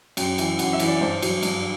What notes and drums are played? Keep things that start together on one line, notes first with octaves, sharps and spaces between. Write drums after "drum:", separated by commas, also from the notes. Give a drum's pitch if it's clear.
F#2 G5, drum: cymbal
E3 G5, drum: cymbal
F#2 F#5, drum: cymbal
E5
E3, drum: cymbal
D5
G2 C5
F#3, drum: cymbal
G2, drum: cymbal